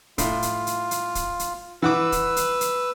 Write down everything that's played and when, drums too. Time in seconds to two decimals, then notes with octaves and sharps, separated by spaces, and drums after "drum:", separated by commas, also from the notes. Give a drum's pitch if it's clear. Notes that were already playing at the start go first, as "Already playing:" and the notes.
0.18 A2 F4, drum: kick, hi-hat
0.42 drum: hi-hat
0.67 drum: hi-hat
0.91 drum: hi-hat
1.15 drum: kick, hi-hat
1.39 drum: hi-hat
1.82 E3 B4 F#5 D6 E6
2.12 drum: kick, hi-hat
2.36 drum: hi-hat
2.61 drum: hi-hat